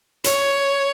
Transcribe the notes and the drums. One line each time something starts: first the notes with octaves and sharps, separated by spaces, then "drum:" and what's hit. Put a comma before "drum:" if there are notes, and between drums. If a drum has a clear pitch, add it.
C#5, drum: hi-hat